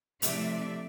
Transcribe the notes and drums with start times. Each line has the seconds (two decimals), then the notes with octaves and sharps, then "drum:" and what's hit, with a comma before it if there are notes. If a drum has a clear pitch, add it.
0.22 A2 C3 F3 A3 D5 E5, drum: hi-hat